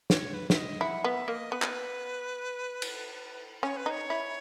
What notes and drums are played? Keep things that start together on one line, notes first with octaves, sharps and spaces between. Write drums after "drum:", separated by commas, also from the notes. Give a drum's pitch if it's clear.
C#5, drum: snare
B4
E5, drum: snare
D#5
E4 F#5
B3 E5
A#3 D#5
B3 B4
drum: clap
drum: cymbal
C#4 C#5
B4
D#4 C#5
E4